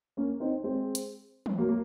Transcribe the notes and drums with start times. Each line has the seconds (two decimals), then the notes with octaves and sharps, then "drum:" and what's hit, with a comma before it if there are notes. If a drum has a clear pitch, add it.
0.17 A#3 C#4
0.40 C4 D#4
0.64 G#3 C4
0.95 drum: hi-hat
1.46 drum: tom E3
1.58 F#3 A#3
1.69 A#3